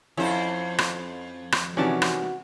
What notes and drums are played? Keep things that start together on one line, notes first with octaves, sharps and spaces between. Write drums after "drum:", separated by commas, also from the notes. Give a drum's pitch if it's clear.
F2 C#4 E4 C5
drum: rim click
drum: rim click
C3 D#3 E3 C#4 F#4 D5 A5
drum: rim click